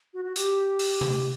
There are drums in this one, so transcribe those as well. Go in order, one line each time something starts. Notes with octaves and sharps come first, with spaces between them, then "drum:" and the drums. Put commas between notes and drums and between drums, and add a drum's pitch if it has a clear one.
F#4
F#4
G4, drum: hi-hat
drum: open hi-hat
drum: tom C3